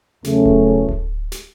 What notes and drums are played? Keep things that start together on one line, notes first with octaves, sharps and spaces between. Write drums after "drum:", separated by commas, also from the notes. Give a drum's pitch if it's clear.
E2 C#3 F#3 A3 C#4, drum: snare
drum: kick D1
drum: kick D1
drum: snare